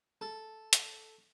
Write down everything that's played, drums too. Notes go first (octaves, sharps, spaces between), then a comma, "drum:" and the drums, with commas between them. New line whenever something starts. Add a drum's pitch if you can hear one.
A4
drum: hi-hat